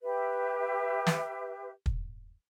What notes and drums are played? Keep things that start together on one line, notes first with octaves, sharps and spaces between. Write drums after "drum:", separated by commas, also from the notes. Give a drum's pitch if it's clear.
G4 B4 E5
drum: snare
drum: kick